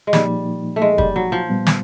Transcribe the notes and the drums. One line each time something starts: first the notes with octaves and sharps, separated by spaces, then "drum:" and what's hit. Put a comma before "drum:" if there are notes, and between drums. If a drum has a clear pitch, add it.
G#3
A#2 F3 G3 A#3 D#4, drum: snare
A3
G#3
G3, drum: kick
F#3
F3
A#2 G3 B3
drum: snare